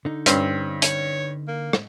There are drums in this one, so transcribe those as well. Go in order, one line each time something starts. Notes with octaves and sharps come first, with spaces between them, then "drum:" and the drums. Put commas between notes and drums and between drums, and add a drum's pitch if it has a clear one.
D3 D#4
G2 C4 C#4 C5, drum: hi-hat
C#5, drum: hi-hat
A#3
drum: rim click